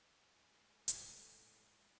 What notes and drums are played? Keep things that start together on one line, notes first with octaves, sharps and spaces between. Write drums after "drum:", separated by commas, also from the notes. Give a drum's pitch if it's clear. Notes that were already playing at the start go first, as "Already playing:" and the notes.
G#3 A3 G#5
drum: hi-hat
A2